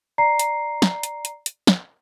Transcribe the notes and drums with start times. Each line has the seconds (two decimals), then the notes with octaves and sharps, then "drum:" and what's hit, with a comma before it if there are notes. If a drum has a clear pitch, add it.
0.18 D5 A#5 C7
0.39 drum: hi-hat
0.82 drum: snare
1.03 drum: hi-hat
1.25 drum: hi-hat
1.46 drum: hi-hat
1.67 drum: snare